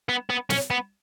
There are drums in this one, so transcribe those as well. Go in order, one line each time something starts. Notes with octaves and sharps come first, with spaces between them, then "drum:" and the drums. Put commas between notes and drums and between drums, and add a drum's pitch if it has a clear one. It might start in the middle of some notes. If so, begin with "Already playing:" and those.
B3
B3
C#4, drum: snare
B3